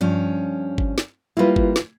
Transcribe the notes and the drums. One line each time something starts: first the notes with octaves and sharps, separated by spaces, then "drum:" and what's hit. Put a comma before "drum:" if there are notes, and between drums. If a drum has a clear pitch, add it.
G2 F3 C#4
drum: kick G1
drum: snare
G3 A#3 E4 F4 B4
drum: kick G1
drum: snare